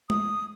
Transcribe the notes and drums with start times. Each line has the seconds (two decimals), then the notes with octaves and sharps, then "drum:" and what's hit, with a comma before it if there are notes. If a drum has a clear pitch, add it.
0.10 D#6, drum: tom G#3